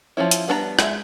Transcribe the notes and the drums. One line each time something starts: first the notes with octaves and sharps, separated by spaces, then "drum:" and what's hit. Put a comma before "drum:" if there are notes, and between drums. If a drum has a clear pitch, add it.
F3 F#3 C#4 E4
drum: hi-hat
G3 B3 D4 C5 A#5
G#3 E5, drum: rim click